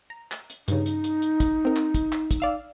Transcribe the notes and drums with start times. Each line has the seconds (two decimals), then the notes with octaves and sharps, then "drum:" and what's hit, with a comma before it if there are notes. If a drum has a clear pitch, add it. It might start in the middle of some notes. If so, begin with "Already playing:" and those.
0.10 A#5
0.32 drum: clap
0.50 drum: hi-hat
0.68 G2 C#3 D#4, drum: hi-hat
0.86 drum: hi-hat
1.04 drum: hi-hat
1.22 drum: hi-hat
1.40 drum: kick, hi-hat
1.65 C4 A#4
1.76 drum: clap
1.94 drum: kick, hi-hat
2.13 drum: clap
2.31 drum: kick, hi-hat
2.40 D5 F5 E6